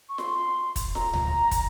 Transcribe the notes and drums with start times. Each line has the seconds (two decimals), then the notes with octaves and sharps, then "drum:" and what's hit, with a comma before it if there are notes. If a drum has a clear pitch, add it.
0.09 C#6
0.18 C6, drum: snare F4
0.76 drum: kick, hi-hat
0.95 A#5, drum: snare F4
1.13 drum: tom C#2
1.51 drum: kick, hi-hat